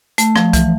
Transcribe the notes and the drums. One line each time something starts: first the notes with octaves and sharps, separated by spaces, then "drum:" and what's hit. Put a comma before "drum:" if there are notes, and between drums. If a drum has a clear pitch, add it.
A3, drum: hi-hat
F3, drum: rim click
E3, drum: kick C2, hi-hat